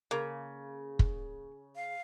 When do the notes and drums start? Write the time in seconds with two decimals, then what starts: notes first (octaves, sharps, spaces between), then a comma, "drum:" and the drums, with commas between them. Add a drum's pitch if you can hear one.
0.11 C#3 A#3
0.99 drum: kick
1.76 F5